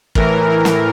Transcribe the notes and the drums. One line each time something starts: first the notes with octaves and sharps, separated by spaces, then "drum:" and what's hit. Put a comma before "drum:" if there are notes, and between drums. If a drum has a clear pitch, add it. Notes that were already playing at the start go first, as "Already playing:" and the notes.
A2 E3 A#4, drum: kick
drum: snare